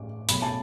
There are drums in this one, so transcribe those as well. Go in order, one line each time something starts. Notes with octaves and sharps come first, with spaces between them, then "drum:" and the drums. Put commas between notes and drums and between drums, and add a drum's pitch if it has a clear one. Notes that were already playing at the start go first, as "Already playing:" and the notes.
Already playing: A2 D6
B2 F#3 A3 B5, drum: hi-hat
A5